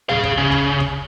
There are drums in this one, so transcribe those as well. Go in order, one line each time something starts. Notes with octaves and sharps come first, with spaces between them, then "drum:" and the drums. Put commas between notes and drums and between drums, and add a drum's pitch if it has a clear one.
G#4 F5, drum: tom
drum: kick
C#3
drum: kick
drum: kick